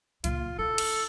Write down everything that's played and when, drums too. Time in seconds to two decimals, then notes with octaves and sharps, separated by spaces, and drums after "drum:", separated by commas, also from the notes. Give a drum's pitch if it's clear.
0.24 C#2 A#2 F4, drum: hi-hat
0.58 E4 A4 E6
0.78 drum: cymbal